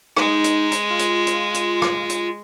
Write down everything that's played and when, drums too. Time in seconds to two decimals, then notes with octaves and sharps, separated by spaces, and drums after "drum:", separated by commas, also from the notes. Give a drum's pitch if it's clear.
0.17 G#3 D#4, drum: rim click
0.44 drum: hi-hat
0.72 drum: hi-hat
0.90 F4
0.99 drum: hi-hat
1.27 drum: hi-hat
1.54 drum: hi-hat
1.82 drum: rim click
2.09 drum: hi-hat